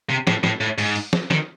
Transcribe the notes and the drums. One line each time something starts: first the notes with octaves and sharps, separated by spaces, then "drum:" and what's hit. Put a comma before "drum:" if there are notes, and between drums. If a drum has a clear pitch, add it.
C3
A2, drum: snare
A2, drum: snare
A2
G#2, drum: open hi-hat
drum: open hi-hat
drum: snare
D#3, drum: snare